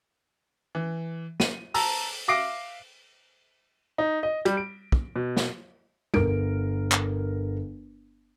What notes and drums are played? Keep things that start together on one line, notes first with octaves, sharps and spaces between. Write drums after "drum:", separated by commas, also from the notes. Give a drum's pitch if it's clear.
E3
D#7, drum: snare
A5 A#5 E6, drum: open hi-hat
E5 F5 D6 A#6 C7 D7
D#4
D#5
G3, drum: hi-hat
D7
drum: kick
B2
drum: snare
G1 A#4 D7, drum: tom
drum: clap